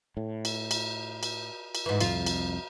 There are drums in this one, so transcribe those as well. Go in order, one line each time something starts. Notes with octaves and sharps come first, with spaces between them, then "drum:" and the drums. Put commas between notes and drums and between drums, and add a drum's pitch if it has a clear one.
A2
drum: cymbal
drum: cymbal
drum: cymbal
drum: cymbal
G#2 E3
C2 F2 F4, drum: cymbal
drum: cymbal